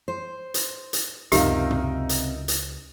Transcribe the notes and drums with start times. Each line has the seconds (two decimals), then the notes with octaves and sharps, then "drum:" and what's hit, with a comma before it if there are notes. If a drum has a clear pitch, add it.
0.08 C5
0.54 drum: hi-hat
0.93 drum: hi-hat
1.32 C#2 F#2 C3 D#4 G4 A#4 E5 F5, drum: hi-hat
1.71 drum: tom
2.09 drum: hi-hat
2.48 drum: hi-hat